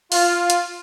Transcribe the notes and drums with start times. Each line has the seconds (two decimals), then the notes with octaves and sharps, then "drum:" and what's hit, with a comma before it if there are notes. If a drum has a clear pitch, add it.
0.12 F4, drum: open hi-hat
0.50 drum: hi-hat